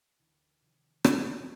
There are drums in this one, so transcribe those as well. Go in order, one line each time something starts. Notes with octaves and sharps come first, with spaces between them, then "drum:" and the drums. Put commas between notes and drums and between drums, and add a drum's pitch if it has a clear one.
D2 D3 E3
C3 D#3 F3
D2, drum: rim click